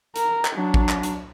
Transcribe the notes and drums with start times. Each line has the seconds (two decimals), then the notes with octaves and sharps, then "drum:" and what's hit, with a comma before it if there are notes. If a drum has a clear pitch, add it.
0.16 A#4, drum: hi-hat
0.45 drum: clap
0.54 F#3 D4
0.74 drum: kick A1
0.89 drum: clap
1.03 drum: hi-hat